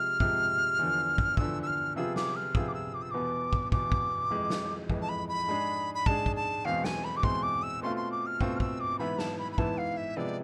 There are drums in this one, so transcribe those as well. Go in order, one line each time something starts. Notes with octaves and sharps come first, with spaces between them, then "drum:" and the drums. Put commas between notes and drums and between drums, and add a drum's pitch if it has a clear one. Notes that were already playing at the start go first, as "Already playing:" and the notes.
Already playing: C3 F3 G#3 F6
C3 F3 G#3, drum: kick
E2 D3 F3
drum: kick
E2 D3 F3 E6, drum: kick
E6
F6
C3 F3 B3 F4 G#4 E6
D6, drum: snare
F6
C3 F3 B3 F4 G#4 E6, drum: kick
D6
E6
D6
E6
E2 B2 B3 D6
drum: kick
E2 B2 B3 D6, drum: kick
drum: kick
F2 E3 G#3
drum: snare
F2 E3 G#3, drum: kick
A5
B5
B5
G#2 G#3 D4 G#4
B5
G#2 G#3 D4 G#4 A5, drum: kick
drum: kick
A5
E2 B2 G#3 C4 F5
G#5, drum: snare
B5
D6
E2 B2 G#3 C4 C6, drum: kick
D6
E6
B2 A3 C4 F4 C6
C6
D6
F6
B2 A3 C4 F4 E6, drum: kick
F6
E6, drum: kick
D6
G#2 E3 B3 E4 B5
A5, drum: snare
B5
B5
G#2 E3 B3 E4 A5, drum: kick
F5
E5
C3 F3 G#3 B3 D5